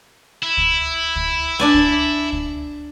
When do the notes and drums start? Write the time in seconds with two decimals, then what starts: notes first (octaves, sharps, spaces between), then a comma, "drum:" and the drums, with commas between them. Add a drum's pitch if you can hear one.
0.43 E4
0.57 drum: kick
1.16 drum: kick
1.59 D4 D5 G#5
1.74 drum: kick
2.32 drum: kick